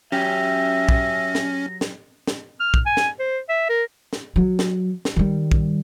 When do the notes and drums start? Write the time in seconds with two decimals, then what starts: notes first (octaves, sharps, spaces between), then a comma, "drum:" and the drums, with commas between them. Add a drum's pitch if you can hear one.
0.12 F#3 C#4 G4 E5 A#6
0.89 drum: kick
1.35 drum: snare
1.81 drum: snare
2.27 drum: snare
2.60 F6
2.74 drum: kick
2.86 G#5
2.97 drum: snare
3.20 C5
3.49 E5
3.70 A#4
4.13 drum: snare
4.36 F#3
4.59 drum: snare
5.05 drum: snare
5.16 D#3 G3
5.52 drum: kick